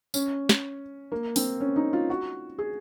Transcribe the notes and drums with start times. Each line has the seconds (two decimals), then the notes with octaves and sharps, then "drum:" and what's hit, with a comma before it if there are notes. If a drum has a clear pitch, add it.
0.14 C#4, drum: tambourine
0.49 drum: snare
1.12 A#3
1.36 C4, drum: open hi-hat
1.60 C#4
1.76 D#4
1.93 F4
2.10 F#4
2.58 G#4